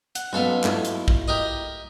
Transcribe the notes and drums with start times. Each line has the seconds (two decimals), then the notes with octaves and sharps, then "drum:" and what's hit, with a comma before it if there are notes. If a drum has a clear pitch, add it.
0.15 F#5, drum: hi-hat
0.33 B1 B3 C#4 A4 F5
0.64 A3 E4 F4, drum: clap
0.85 drum: hi-hat
1.08 drum: kick
1.28 G4 A#4 D#5